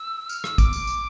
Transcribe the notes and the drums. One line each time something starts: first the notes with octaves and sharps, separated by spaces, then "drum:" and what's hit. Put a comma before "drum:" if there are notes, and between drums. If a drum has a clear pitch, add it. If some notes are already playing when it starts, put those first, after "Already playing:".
Already playing: E6
F6, drum: tambourine
E6, drum: rim click
D6, drum: kick, tambourine
drum: tambourine
drum: tambourine